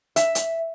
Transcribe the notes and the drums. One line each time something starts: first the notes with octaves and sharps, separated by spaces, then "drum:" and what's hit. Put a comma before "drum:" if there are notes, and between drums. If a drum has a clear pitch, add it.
E5, drum: hi-hat
drum: hi-hat